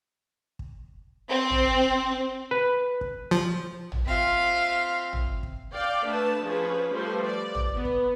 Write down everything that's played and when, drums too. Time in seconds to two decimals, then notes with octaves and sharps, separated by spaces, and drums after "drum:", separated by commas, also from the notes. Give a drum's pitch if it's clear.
0.59 drum: kick
1.29 C4
1.50 drum: tom
2.51 B4
3.01 drum: kick
3.31 F3
3.92 drum: tom
4.06 C4 F4 E5 F5
5.13 drum: tom
5.43 drum: kick
5.73 D5 F5 G5
6.05 A3 D4 B4 A5
6.44 F3 C#4 G#4 B4
6.92 F3 G3 A3 A4 B4 C5
7.26 D5
7.55 drum: tom
7.76 B3
7.85 drum: kick